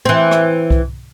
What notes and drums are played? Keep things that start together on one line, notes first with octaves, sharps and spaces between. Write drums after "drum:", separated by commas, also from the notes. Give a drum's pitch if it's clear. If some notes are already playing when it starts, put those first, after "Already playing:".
E3 C4
drum: rim click
drum: kick C2